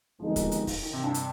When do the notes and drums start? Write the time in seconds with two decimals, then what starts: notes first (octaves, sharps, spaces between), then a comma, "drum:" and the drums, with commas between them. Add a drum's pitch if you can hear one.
0.20 G1 F2 D#3 F3 G#3 D#4
0.36 drum: kick, hi-hat
0.52 drum: hi-hat
0.67 drum: kick, open hi-hat
0.83 D#3
0.93 C3
1.04 G2
1.14 drum: hi-hat